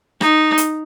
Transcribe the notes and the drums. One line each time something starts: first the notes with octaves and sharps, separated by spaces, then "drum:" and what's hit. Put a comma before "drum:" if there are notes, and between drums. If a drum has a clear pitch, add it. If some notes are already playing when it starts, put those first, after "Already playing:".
D#4, drum: rim click
drum: hi-hat